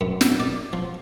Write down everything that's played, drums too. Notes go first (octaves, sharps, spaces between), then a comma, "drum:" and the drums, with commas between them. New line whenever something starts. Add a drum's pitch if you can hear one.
F#2
drum: snare
D5
F3